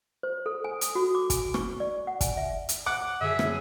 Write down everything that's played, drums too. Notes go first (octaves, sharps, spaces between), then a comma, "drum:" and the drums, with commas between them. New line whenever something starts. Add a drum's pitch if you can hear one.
C5
A4
G#5
D#6, drum: hi-hat
F#4
D6
G#5, drum: kick, hi-hat
C#6, drum: rim click
D5
F#5
G#5, drum: kick, hi-hat
E5
drum: hi-hat
F#5 D6
F#2 D3 G#4 E5
drum: rim click